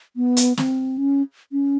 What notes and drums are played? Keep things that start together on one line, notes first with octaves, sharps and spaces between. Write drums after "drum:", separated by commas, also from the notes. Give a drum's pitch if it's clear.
B3
drum: hi-hat
C4, drum: snare
C#4
C#4